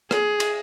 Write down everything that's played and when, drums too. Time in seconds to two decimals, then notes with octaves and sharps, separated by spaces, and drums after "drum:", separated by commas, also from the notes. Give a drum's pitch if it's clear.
0.11 G#4, drum: rim click
0.40 drum: cymbal